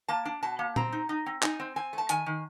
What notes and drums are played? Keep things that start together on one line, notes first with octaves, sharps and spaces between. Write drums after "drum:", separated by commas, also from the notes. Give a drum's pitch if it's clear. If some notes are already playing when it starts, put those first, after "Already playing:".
A#3 A5
D4
B2 A5
A#3
C4 A#5, drum: tom A#2
D#4
D#4
C4
D#4 G#5, drum: clap
C4
C4 G#5
A3
A5
D#3 G#5, drum: hi-hat
D#3